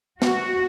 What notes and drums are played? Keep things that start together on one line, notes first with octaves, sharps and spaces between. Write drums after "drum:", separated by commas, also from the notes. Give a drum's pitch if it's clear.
F#4, drum: snare